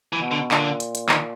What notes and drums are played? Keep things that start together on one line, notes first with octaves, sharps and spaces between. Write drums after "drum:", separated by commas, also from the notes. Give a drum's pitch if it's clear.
E3
B2
D3
A#2 D3, drum: clap
drum: hi-hat
drum: hi-hat
D#3, drum: clap